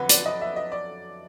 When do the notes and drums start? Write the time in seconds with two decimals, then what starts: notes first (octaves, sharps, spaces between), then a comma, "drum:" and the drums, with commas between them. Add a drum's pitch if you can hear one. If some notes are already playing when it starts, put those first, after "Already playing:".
Already playing: F2 D3 F#3 B3 B4
0.09 D5, drum: hi-hat
0.26 D#5
0.41 E5
0.56 D#5
0.72 D5